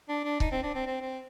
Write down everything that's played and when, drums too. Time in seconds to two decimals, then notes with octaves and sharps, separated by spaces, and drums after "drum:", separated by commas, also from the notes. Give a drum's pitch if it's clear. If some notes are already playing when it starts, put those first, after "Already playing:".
0.09 D4
0.24 D4
0.40 D#4, drum: kick C#1
0.52 C4
0.63 D4
0.74 C4
0.87 C4
1.02 C4